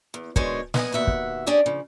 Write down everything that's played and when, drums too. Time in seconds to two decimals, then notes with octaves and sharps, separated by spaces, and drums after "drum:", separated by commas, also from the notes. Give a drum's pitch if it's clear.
0.14 E2
0.36 B2 D#3 G#3 D4 C5 C#5, drum: kick
0.74 B3 D#5 G#5, drum: snare
0.92 D#2 B2 E5 F#5
1.07 drum: kick
1.46 C#4 D4 G4 G#4 D5
1.66 C#3 F3